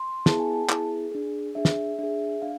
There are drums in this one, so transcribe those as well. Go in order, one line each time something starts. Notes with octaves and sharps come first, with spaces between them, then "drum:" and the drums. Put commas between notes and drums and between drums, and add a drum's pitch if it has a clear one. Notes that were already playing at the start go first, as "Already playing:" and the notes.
Already playing: C6
B3 E4 G#4 A5, drum: snare
G#5
A5
B3 E4 G#4, drum: clap
D4 G#4
D4 G#4 E5
drum: snare
D4 G#4 E5
D4 F5